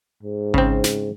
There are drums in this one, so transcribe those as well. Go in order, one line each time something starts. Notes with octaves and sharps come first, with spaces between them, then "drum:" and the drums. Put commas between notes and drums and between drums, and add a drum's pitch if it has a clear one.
G#2
C#3 C4, drum: kick G#1
drum: snare